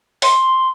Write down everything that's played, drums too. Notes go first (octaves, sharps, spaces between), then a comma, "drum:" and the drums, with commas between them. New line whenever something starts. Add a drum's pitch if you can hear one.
C6, drum: open hi-hat